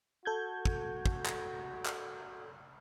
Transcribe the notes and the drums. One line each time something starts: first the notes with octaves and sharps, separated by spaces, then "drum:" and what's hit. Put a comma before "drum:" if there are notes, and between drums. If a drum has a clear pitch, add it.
F#4 A4 G6 G#6
drum: kick
drum: kick
drum: clap
drum: clap